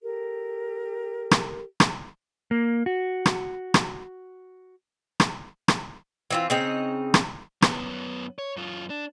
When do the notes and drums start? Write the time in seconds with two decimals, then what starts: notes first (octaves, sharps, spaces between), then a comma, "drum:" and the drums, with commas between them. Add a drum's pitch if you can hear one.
0.03 G4 A4 A#4
1.31 drum: rim click
1.80 drum: rim click
2.51 A#3
2.86 F#4
3.26 drum: rim click
3.74 drum: rim click
5.20 drum: rim click
5.68 drum: rim click
6.31 E3 C4 F4
6.50 C#3 C4 D#4
7.14 drum: rim click
7.62 F#2 B3, drum: rim click
8.39 C#5
8.56 F#2 F4
8.90 D4